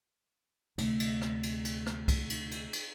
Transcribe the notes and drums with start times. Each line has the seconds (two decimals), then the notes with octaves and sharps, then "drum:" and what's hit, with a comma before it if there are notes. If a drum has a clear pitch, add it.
0.78 D2 C3, drum: cymbal
1.00 drum: cymbal
1.22 drum: rim click
1.43 drum: cymbal
1.65 drum: cymbal
1.86 drum: rim click
2.08 drum: kick C2, cymbal
2.30 drum: cymbal
2.51 drum: cymbal
2.73 drum: cymbal